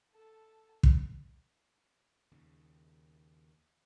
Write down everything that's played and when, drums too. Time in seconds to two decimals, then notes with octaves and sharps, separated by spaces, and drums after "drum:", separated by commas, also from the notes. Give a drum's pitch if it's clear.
0.13 A4 A5
0.83 drum: kick
2.31 D#2 C#3